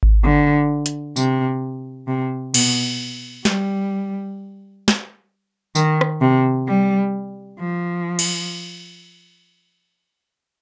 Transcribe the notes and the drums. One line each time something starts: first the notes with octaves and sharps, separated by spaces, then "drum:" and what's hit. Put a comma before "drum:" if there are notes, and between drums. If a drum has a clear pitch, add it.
drum: kick G#1
D3
drum: hi-hat
C3, drum: tambourine
C3
B2, drum: cymbal
G3, drum: snare
drum: snare
D#3, drum: tambourine
drum: rim click
C3
G3
F3
drum: cymbal